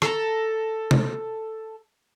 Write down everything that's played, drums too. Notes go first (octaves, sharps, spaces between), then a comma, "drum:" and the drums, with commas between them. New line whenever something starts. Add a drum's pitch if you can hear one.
A4 A#5, drum: rim click
drum: tom C3